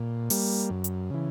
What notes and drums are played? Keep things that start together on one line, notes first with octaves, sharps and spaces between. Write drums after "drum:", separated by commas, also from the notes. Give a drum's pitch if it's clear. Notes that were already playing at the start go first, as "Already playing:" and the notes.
Already playing: A#2
G3 A#3, drum: open hi-hat
F#2
drum: hi-hat
C#3 E3